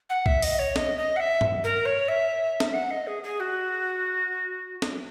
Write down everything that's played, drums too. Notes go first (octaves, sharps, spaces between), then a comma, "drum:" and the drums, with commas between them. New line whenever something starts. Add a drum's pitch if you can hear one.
F#5
E5, drum: kick
D#5, drum: open hi-hat
C#5
D#5, drum: snare
D#5
F#5
E5
drum: tom
A#4
C#5
E5
drum: snare
F#5
D#5
G#4
G#4
F#4
drum: snare